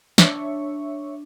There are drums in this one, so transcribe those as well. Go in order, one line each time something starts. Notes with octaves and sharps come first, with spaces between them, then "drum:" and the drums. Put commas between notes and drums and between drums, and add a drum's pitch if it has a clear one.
D4 C#5 E5 C#6, drum: snare